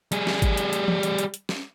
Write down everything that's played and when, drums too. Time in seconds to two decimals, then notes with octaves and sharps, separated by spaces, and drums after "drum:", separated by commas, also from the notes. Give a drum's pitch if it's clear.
0.12 G3 G#4, drum: hi-hat
0.27 drum: snare
0.42 drum: kick G#1, hi-hat
0.57 drum: hi-hat
0.73 drum: hi-hat
0.88 drum: tom E3
1.03 drum: hi-hat
1.18 drum: hi-hat
1.34 drum: hi-hat
1.49 drum: snare